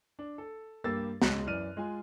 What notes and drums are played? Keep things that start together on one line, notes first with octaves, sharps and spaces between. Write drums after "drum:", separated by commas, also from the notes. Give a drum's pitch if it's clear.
D4
A4
G2 A#3 G4 E6 A6
C#2 G#3 C#5 F#6, drum: snare
F#2 E3 D5 F6 D#7
G#3 F4 G#5